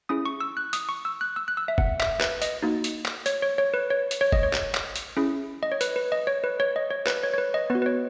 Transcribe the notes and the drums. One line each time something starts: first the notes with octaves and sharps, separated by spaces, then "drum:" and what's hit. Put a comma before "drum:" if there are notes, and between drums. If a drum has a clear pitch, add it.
C#4 E4 G#4 D#6
C#6
E6
F#6
D#6, drum: hi-hat
C#6
E6
F#6
E6
F#6
E6
E5
F#5, drum: kick
E5, drum: clap
B4, drum: clap
D#5, drum: hi-hat
A#3 D#4 F#4
drum: hi-hat
drum: clap
C#5, drum: hi-hat
C#5
C#5
B4
C#5
drum: hi-hat
C#5
D#5, drum: kick
C#5
drum: clap
drum: clap
drum: hi-hat
C#4 E4 G#4
D#5
C#5
B4, drum: hi-hat
B4
D#5
C#5
B4
C#5
D#5
C#5
B4, drum: clap
C#5
C#5
B4
D#5
B3 B4
F#4
B4
C#5